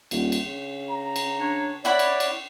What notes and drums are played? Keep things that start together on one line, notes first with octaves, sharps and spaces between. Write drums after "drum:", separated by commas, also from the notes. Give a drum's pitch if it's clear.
D#1, drum: cymbal
drum: cymbal
C#3
A#5
drum: cymbal
D4 C#5
E4 C#5 D5 F#5 B5
drum: cymbal
drum: cymbal